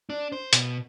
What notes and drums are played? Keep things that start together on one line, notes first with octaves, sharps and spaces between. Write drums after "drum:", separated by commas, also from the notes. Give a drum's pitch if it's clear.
D4
C5
B2, drum: hi-hat